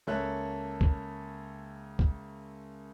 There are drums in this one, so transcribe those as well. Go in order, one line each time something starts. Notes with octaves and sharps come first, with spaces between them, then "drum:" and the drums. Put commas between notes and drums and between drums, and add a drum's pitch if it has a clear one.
C#2 A#3 A4 C#5 E5 F#6
drum: kick
drum: kick